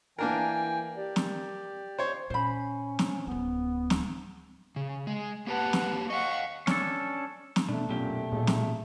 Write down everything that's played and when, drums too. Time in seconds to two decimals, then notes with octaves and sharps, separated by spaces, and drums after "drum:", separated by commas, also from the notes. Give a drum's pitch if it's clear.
0.19 E3 A#3 D4 A#4 G5 G#5
0.97 G4 D5
1.16 drum: snare
1.98 C5 C#5
2.30 A#2 C#4 C5 B5
2.99 drum: snare
3.27 D1 B3 C#4
3.90 drum: snare
4.76 C#3
5.07 G#3
5.47 A#3 G4 B4 F#5 A5
5.73 drum: snare
6.10 D#5 F5 F#5 C#6
6.67 C#4 D4 A4, drum: snare
7.56 drum: snare
7.69 B2 A3 D4
7.89 B1 F#2 A#2 G4
8.32 G#1 A#2 G#3
8.47 drum: snare